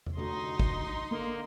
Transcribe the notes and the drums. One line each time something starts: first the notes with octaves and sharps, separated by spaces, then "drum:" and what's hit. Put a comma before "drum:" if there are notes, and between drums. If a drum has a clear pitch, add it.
drum: tom E2
F1 D3 D#4 F#4 C6
drum: kick
D3 A#3